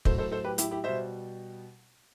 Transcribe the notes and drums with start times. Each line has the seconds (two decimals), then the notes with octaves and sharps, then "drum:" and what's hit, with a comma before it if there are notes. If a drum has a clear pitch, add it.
0.05 A2 F#3 A4 C5, drum: kick
0.18 A4 C5
0.32 A4 C5
0.45 G4 B4
0.58 E4 G4, drum: hi-hat
0.71 E4 G4
0.84 B2 G3 C5 E5